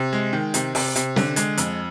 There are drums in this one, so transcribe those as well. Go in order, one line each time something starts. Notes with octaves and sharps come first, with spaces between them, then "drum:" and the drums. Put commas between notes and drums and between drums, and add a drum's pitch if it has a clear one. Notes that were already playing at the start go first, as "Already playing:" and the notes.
Already playing: C3
G#3
D#3
C3, drum: hi-hat
C3, drum: open hi-hat
C3, drum: hi-hat
D3, drum: snare
G#3, drum: hi-hat
F2, drum: hi-hat